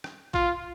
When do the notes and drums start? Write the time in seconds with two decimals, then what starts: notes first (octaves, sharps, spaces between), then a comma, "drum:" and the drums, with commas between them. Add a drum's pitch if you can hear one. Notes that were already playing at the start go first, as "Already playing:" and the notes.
0.04 drum: rim click
0.34 F4, drum: kick